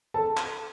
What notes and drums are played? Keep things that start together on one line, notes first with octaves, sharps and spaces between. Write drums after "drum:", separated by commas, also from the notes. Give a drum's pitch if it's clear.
A4 A5
drum: clap